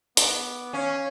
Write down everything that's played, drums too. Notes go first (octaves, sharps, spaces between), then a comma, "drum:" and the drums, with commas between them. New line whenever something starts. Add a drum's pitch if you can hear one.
B3 D6, drum: hi-hat
C#4 C#5 F5